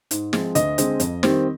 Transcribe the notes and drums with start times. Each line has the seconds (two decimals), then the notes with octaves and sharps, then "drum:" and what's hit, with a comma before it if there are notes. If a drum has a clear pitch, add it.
0.11 G#2, drum: hi-hat
0.33 F3 G#3 C4, drum: snare
0.55 D2 D#5, drum: hi-hat
0.78 D3 G#3 C4, drum: hi-hat
1.00 F2, drum: hi-hat
1.23 D#3 G3 C4, drum: snare